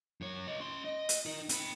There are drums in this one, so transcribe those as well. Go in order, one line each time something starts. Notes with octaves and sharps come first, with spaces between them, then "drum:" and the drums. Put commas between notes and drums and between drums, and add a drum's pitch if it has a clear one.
F#2 C#5
C#5 D#5
C#4 C6
D#5
drum: hi-hat
D#4 A#4
C4 B5, drum: hi-hat